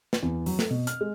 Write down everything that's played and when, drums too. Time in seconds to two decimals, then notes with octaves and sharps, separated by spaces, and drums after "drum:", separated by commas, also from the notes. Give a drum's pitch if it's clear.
0.13 drum: snare
0.23 E2
0.46 F#3, drum: open hi-hat
0.59 A3, drum: snare
0.71 B2
0.87 F6, drum: hi-hat
1.01 G#3